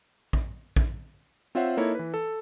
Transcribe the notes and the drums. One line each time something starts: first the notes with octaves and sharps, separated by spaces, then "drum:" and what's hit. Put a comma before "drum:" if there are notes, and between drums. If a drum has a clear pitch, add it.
drum: kick
drum: kick
C4 F4 C5 C#5 E5 F#5
A#3 D#4 E4 A4 C#5
E3 B4
A4